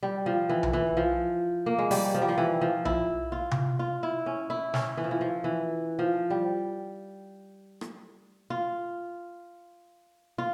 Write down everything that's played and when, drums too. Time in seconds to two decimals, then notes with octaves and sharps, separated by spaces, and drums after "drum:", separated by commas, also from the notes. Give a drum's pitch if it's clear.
0.03 G3
0.26 F3
0.49 E3
0.63 drum: tom B1
0.73 E3
0.97 F3
1.66 A#3
1.79 G#3
1.91 G3, drum: open hi-hat
2.14 F3
2.22 G3
2.28 F3
2.38 E3
2.61 F3
2.85 E4, drum: tom B1
3.32 F4
3.51 drum: tom C3
3.79 F4
4.03 E4
4.26 C#4
4.50 E4
4.74 C#4, drum: snare
4.97 E3
5.04 F3
5.11 E3
5.21 F3
5.44 E3
5.99 F3
6.30 G3
7.81 drum: rim click
8.50 F4
10.38 F4